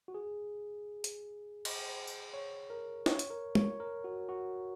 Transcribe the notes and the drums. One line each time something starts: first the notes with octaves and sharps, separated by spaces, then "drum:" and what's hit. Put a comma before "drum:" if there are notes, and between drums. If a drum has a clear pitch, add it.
F#4
G#4
drum: hi-hat
drum: cymbal
drum: tambourine
C#5
A#4
C#5, drum: snare
drum: hi-hat
A#4
C#5, drum: tom
A#4
F#4
F#4